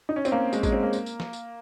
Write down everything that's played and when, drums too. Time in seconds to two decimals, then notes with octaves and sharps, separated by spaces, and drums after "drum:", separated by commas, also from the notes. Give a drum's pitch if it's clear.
0.09 D#4
0.16 C#4
0.25 C4, drum: tambourine
0.32 A#3
0.53 G#3, drum: tambourine
0.63 G#3, drum: kick, tambourine
0.73 C4
0.83 A#3
0.93 drum: tambourine
1.06 drum: tambourine
1.20 drum: snare
1.33 drum: tambourine